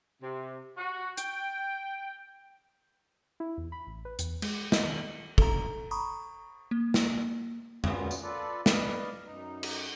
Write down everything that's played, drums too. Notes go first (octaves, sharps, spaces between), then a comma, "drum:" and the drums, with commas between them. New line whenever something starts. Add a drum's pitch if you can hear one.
C3
F#4
G5, drum: hi-hat
E4
E2
B5
A1
B4
E2, drum: hi-hat
G#3, drum: cymbal
D#5, drum: snare
D#3
A4 A#5, drum: kick
A#5 B5 C#6 D#6
A#3
drum: snare
F#2 A#2 B3 C#4 F4, drum: tom F2
drum: tambourine
F4 A4 B4 D5
B4 D5 D#5 F5, drum: snare
F#2 D#4
drum: cymbal